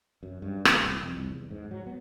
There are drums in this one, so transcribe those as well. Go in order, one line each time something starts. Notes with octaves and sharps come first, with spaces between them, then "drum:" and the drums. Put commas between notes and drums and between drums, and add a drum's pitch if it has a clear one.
F#2
G2
G#1, drum: rim click
C2
F2
C2
E2
G#2
F#3
B3